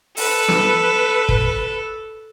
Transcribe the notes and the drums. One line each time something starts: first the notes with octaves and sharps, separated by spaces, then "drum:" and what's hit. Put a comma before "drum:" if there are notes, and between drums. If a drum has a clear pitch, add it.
A4 B4, drum: open hi-hat
drum: snare
drum: kick